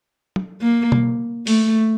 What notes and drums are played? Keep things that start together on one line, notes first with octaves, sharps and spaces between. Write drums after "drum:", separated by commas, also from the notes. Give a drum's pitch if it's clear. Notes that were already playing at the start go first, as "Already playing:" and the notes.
drum: tom
A#3
drum: tom B2
A3, drum: open hi-hat